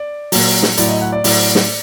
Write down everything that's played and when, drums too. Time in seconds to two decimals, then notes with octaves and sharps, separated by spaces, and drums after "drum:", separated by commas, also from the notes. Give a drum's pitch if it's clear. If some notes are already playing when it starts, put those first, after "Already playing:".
Already playing: D5
0.32 A#2 F#3, drum: open hi-hat
0.62 drum: snare
0.78 A2 F#3 D5, drum: hi-hat
0.89 D#5
1.01 F#5
1.13 D5
1.24 A2 F#3 D5, drum: open hi-hat
1.55 drum: snare